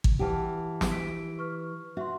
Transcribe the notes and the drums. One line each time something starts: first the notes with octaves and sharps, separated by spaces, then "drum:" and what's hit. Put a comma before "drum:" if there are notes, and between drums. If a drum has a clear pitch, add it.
drum: kick
E3 G4 F#5 A5 F6
drum: snare
E6 B6 D7
B4 C#6 F6
F#4 E5 F#5 C6